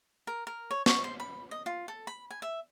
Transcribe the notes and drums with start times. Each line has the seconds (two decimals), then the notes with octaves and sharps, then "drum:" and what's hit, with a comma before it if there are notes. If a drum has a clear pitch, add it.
0.27 A#4
0.47 A#4
0.71 C#5
0.86 C#6, drum: snare
1.04 C5
1.20 B5
1.51 D#5
1.66 F4
1.88 A4
2.07 B5
2.31 G#5
2.42 E5